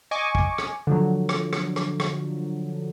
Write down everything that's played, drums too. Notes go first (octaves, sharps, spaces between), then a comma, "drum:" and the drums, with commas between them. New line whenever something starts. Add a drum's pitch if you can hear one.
D#5 G#5 C#6 D6
drum: kick
drum: rim click
D3 F3 F#3
drum: rim click
drum: rim click
drum: rim click
drum: rim click